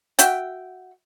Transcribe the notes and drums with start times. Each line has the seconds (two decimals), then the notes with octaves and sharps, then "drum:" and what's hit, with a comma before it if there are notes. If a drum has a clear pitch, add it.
0.19 F#4 E5 G5, drum: hi-hat